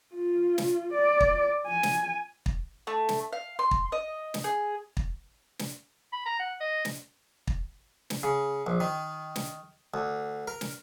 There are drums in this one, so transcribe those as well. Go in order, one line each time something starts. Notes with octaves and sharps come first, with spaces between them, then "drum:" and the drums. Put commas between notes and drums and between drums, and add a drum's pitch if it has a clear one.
F4
drum: snare
D5
drum: kick
G#5
drum: snare
drum: kick
A3
drum: snare
F5
C6
drum: kick
D#5
drum: snare
G#4
drum: kick
drum: snare
B5
A#5
F#5
D#5
drum: snare
drum: kick
drum: snare
C#3
A#1
D#3
drum: snare
D2
A#4
drum: snare